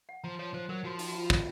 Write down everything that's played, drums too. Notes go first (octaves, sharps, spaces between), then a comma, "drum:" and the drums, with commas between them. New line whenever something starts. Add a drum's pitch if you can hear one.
F#5
F3 A#5
F3 C#5
F3 C5
F#3 A#4
F3 F#4
D#4, drum: open hi-hat
F#4
F4
F4, drum: kick